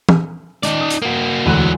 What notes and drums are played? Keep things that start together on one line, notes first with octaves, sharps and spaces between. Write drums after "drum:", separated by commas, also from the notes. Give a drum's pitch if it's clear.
drum: tom
D#3 D#4 D5, drum: hi-hat
D#6
drum: hi-hat
A#3 F#4
E1 D2 E3 F#3 F#6